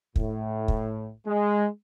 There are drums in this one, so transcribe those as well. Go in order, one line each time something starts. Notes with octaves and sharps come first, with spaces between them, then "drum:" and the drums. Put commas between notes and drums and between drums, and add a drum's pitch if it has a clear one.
A2, drum: kick
drum: kick
G#3